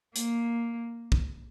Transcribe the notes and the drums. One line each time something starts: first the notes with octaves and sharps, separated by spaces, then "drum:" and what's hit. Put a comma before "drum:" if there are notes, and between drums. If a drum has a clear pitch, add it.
A#3, drum: hi-hat
drum: kick